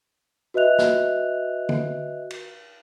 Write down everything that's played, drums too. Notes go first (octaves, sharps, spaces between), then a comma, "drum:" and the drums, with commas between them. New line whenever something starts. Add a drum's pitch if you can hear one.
F#4 B4 D#5 E5 F#6 F7
drum: snare
drum: tom D3
drum: cymbal